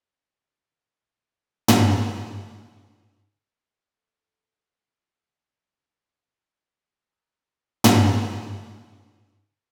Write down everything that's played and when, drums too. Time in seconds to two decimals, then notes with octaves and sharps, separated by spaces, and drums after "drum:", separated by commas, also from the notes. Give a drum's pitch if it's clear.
0.18 A#1 D#3 A6
1.68 drum: tom
2.00 D#5
3.94 A4
4.66 C#3
5.29 C#3
7.09 G#5 A#5 C6 D#6 E6 F#6
7.84 drum: tom